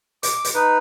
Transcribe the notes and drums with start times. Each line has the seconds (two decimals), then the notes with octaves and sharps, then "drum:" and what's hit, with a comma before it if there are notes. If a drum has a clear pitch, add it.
0.23 D6, drum: hi-hat
0.45 drum: hi-hat
0.55 D#4 B4